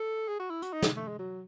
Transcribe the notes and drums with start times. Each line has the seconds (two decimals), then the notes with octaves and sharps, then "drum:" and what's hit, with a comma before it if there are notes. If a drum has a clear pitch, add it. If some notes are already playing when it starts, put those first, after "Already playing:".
Already playing: A4
0.28 G#4
0.40 F#4
0.50 E4
0.62 F#4, drum: hi-hat
0.73 D#4
0.82 drum: snare
0.96 A3
1.08 G#3
1.19 F#3